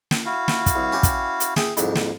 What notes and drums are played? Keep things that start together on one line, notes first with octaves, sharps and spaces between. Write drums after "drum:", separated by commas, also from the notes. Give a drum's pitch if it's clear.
drum: snare
E4 F#4 F5
drum: snare
drum: kick, hi-hat
C2
C#4 G4
drum: kick, hi-hat
drum: hi-hat
G#4 E5 G5, drum: snare
C2 F2 G#2, drum: hi-hat
drum: snare